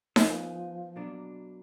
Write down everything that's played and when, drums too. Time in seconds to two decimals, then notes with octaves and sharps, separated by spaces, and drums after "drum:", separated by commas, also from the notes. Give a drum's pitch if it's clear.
0.16 F3 B3 D#4 G#4, drum: snare D#4
0.96 B2 F#3 A#3 D4